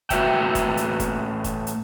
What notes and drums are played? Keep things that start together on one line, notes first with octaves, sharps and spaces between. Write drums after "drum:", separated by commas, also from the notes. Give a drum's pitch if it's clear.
A2 F#4 B4 C#5 E5 G5, drum: kick, hi-hat
drum: kick, hi-hat
drum: hi-hat
drum: kick, hi-hat
drum: kick, hi-hat
drum: hi-hat